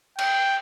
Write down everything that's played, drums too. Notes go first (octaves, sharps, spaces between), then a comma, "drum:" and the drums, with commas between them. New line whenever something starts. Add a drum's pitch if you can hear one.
G5, drum: cymbal